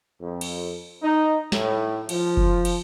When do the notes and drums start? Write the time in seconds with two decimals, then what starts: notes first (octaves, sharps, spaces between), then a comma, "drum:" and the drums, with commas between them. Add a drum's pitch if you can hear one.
0.21 F2
0.41 drum: cymbal
1.02 D#4
1.52 A2, drum: snare
2.09 F3, drum: cymbal
2.37 drum: kick F#1
2.65 drum: cymbal